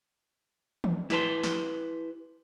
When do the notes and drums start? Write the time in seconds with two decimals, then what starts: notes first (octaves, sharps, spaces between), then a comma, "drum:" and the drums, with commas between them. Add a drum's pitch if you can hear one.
0.84 drum: tom D#3
1.10 E4 G4 B4 A5 C6, drum: snare
1.43 drum: snare